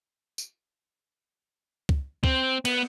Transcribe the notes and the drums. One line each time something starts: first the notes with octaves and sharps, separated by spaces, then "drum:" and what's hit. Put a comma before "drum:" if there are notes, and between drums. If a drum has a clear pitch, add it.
drum: tambourine
drum: kick
C4, drum: kick
B3, drum: cymbal